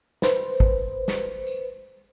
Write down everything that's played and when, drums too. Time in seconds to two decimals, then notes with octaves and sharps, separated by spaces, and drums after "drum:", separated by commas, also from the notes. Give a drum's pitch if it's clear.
0.22 B4 C5, drum: snare
0.60 drum: kick
1.08 drum: snare
1.47 drum: tambourine